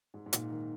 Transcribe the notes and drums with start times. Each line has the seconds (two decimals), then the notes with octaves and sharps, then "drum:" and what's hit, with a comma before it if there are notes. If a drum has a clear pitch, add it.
0.14 G#2
0.26 G#2
0.33 A#2, drum: hi-hat
0.50 D#3